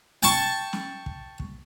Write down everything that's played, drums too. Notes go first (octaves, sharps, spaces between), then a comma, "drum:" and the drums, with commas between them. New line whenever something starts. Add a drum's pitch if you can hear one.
G5 A5 C#6, drum: snare
drum: snare
drum: kick
drum: kick